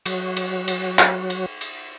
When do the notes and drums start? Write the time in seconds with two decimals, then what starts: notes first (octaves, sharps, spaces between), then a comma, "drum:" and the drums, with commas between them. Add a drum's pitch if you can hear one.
0.06 F#3 F#4, drum: cymbal
0.37 drum: cymbal
0.68 drum: cymbal
0.99 drum: clap
1.30 drum: cymbal
1.61 drum: cymbal